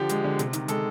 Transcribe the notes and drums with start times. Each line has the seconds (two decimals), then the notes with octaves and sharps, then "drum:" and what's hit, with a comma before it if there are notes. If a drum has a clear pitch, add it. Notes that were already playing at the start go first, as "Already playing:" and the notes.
Already playing: D3 F3 G4
0.09 G#3, drum: hi-hat
0.24 D3
0.39 C3, drum: hi-hat
0.53 D#3, drum: hi-hat
0.68 G#3 A4, drum: hi-hat